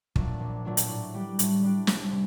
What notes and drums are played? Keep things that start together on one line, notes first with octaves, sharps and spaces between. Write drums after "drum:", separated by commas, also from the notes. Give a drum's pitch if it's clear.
A#2 F#3 A3 D4, drum: kick
A#1
A#2 F#3 A3 D4
drum: hi-hat
A2
G3 D4 G4
A2, drum: hi-hat
G3 D4 G4
C2, drum: snare
C3